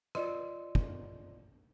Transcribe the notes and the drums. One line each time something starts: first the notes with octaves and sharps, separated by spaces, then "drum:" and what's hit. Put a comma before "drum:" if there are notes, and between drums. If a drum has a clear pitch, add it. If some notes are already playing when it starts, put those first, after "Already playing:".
F4 D5 D#5 C6, drum: rim click
drum: kick